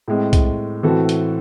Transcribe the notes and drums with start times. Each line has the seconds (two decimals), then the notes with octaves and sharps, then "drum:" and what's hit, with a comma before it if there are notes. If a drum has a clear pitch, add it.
0.08 A2 G#3 C4
0.33 drum: kick C2, hi-hat
0.83 A2 E3 C4 F#4 A4
1.09 drum: hi-hat